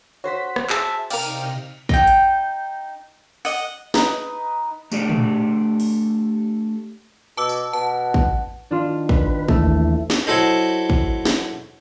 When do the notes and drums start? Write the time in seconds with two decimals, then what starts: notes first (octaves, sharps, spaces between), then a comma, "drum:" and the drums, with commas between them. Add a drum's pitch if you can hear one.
0.24 F#4 C5 C#5 B6
0.56 drum: rim click
0.70 G#4 E5 A5, drum: clap
1.10 C3 D#4 A#4 D5 F5 G5 F6, drum: cymbal
1.89 D#4 G5, drum: kick
2.07 drum: hi-hat
3.45 D#5 F#5, drum: open hi-hat
3.94 D#4 B4, drum: snare
4.92 A3 D4 G4 A4 D5, drum: tambourine
5.10 drum: tom
5.80 drum: open hi-hat
7.37 B2 A5 D6 E6
7.49 drum: tambourine
7.73 B2 F#5 A5
8.14 drum: kick
8.71 D#3 D4 F4
9.09 B4, drum: kick
9.49 D#2 E3 A3, drum: kick
10.10 drum: snare
10.27 F#3 E4 A4 C5 D#5
10.90 drum: kick
11.25 drum: snare